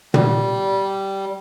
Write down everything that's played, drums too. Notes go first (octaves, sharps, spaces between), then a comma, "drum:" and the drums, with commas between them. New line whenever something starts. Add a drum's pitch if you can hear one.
G3, drum: tom